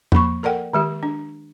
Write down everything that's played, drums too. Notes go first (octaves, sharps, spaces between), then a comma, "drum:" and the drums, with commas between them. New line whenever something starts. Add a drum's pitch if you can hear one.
F3 A#3 B5 C#6, drum: tom E2
A4 A#4 D5 F#5 G5
D#3 G#3 G4
D4